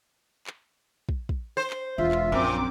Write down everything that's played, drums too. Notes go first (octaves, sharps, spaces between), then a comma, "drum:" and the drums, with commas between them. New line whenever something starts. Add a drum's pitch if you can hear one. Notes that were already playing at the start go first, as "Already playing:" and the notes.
drum: clap
drum: kick
drum: kick
C5
drum: clap
E1 E2 F4 E5
drum: clap
A#1 F#2 A#2 C4 D6